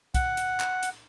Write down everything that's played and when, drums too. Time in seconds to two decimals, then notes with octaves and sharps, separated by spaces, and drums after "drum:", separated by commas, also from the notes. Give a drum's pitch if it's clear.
0.15 F#5, drum: kick, hi-hat
0.37 drum: hi-hat
0.60 drum: clap
0.83 drum: hi-hat